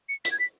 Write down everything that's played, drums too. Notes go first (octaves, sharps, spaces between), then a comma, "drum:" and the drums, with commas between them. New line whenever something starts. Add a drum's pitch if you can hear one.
C#7
B6, drum: hi-hat
G#6
B6